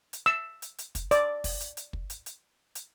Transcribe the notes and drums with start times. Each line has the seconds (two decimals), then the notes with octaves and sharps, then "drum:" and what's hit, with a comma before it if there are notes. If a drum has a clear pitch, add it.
0.13 drum: hi-hat
0.26 E6
0.62 drum: hi-hat
0.78 drum: hi-hat
0.95 drum: kick, hi-hat
1.11 D5, drum: hi-hat
1.44 drum: kick, open hi-hat
1.60 drum: hi-hat
1.77 drum: hi-hat
1.93 drum: kick
2.10 drum: hi-hat
2.26 drum: hi-hat
2.75 drum: hi-hat